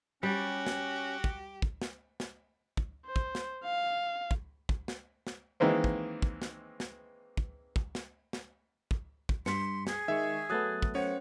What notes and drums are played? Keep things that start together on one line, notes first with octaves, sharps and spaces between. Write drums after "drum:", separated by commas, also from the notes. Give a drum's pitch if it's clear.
G3 C#4 F#4 G4
drum: snare
drum: kick
drum: kick
drum: snare
drum: snare
drum: kick
C5
drum: kick
drum: snare
F5
drum: kick
drum: kick
drum: snare
drum: snare
D#3 E3 G#3 A#3 C4
drum: kick
drum: kick
drum: snare
drum: snare
drum: kick
drum: kick
drum: snare
drum: snare
drum: kick
drum: kick
G2 C6 B6 C#7, drum: snare
G#4, drum: snare
D#3 G#3 E5 C#6
F#3 A3 B3 D#6 F#6 A6
drum: kick
C#4 C5 C#5 F#5